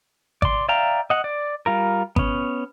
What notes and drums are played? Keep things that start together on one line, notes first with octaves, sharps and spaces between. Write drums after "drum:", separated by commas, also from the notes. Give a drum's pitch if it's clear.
D5 C6, drum: kick G#1
D5 E5 F5 G5 A#5
D#5 F#5
D5
G3 F4 A#4
B3 C#4, drum: kick G#1